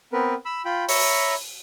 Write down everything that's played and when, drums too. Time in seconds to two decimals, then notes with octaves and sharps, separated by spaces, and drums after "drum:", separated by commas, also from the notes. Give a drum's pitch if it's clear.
0.13 B3 C4 A#4 B4
0.45 B5 E6
0.65 F4 G5 B5
0.89 C#5 E5 A#5 B5 C#6, drum: open hi-hat